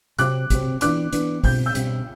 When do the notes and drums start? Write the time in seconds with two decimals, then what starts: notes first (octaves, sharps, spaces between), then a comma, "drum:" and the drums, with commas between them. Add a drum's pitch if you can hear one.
0.19 C3 F#3 C4 D6 F#6, drum: hi-hat
0.50 C3 F#3 C4, drum: kick, hi-hat
0.81 E3 B3 D4 D6 F#6, drum: hi-hat
1.13 E3 B3 D4, drum: hi-hat
1.43 B2 G3 C4 G6, drum: kick, open hi-hat
1.66 E6 G6
1.75 B2 G3 C4, drum: hi-hat